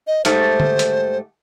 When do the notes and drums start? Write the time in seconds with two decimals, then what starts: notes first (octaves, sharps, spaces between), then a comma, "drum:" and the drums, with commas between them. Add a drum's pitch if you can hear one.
0.07 D#5
0.25 G#2 G3 A3 C5, drum: hi-hat
0.60 drum: tom D3
0.79 drum: hi-hat